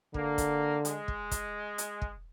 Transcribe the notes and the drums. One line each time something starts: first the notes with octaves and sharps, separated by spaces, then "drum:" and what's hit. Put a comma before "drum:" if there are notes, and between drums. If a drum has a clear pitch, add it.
D3 A#3, drum: kick
drum: kick, hi-hat
G#3, drum: hi-hat
drum: kick
drum: kick, hi-hat
drum: hi-hat
drum: kick